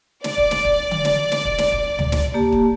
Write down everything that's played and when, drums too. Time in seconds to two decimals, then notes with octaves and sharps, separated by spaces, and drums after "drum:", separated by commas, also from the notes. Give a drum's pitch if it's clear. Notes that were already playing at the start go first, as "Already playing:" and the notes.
0.24 D5, drum: snare
0.38 drum: kick
0.51 drum: snare
0.64 drum: kick
0.91 drum: tom D3
1.05 drum: snare
1.32 drum: snare
1.45 drum: kick
1.58 drum: snare
1.72 drum: kick
1.99 drum: tom D2
2.12 drum: snare
2.34 A#3 G4 A5
2.52 drum: kick